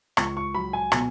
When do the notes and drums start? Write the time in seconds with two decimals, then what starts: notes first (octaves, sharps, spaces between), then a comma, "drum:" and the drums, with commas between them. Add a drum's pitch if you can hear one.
0.17 C#2 C#6, drum: rim click
0.37 C#6
0.54 F#3 B5
0.73 G#5
0.92 B2, drum: rim click